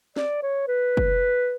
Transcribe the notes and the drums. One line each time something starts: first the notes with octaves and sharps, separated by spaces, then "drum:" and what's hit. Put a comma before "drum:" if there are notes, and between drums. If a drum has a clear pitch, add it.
D5, drum: snare
C#5
B4
drum: kick